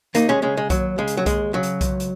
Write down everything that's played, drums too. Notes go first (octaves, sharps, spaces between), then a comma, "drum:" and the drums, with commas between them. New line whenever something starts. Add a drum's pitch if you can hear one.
D#2 A#3 D#4, drum: hi-hat
G#3 C#4
C#3 G#3 C#4
G#3
D#2 F#3, drum: kick B1, hi-hat
C#3 G#3
drum: hi-hat
F#3
D#2 G#3, drum: kick B1, hi-hat
C#3 F#3
drum: hi-hat
C#2, drum: kick B1, hi-hat
drum: hi-hat